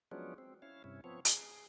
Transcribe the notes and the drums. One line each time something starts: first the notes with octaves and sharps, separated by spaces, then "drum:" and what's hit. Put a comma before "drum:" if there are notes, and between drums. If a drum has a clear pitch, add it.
F3 F#3 G#3 B3 C#4 D4
C4
C#4 E4 F5
G2 C3 C#4 E4
F3 B3 C4 C#5
G#4, drum: hi-hat